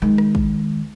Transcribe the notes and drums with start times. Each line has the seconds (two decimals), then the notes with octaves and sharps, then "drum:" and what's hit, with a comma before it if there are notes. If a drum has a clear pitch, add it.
0.02 D#3 G#3
0.18 drum: rim click
0.35 drum: kick